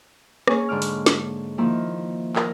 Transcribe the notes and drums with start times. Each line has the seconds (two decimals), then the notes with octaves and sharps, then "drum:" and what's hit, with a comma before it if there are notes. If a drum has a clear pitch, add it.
0.47 A#3 C#4 G#4 C#5, drum: rim click
0.69 G#2 D3 D6 F6
0.82 drum: open hi-hat
1.06 drum: snare
1.58 D#3 F3 A#3 E4
2.36 A#4, drum: clap